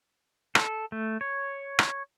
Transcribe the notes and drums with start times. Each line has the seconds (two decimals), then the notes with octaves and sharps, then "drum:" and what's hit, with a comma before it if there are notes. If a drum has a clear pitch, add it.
0.55 A4, drum: rim click
0.92 A3
1.21 C#5
1.79 drum: rim click